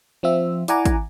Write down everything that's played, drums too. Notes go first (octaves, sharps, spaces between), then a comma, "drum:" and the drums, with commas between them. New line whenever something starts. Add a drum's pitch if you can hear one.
F3 C4 F4 E5
E4 D5 F#5 G#5 A#5 D6, drum: hi-hat
drum: kick, hi-hat